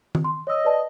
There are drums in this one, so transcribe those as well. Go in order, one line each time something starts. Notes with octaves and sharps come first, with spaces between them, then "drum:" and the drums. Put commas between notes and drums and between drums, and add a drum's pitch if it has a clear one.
drum: tom D#3
C6
C#5 D#5 E6
B4 D5 A5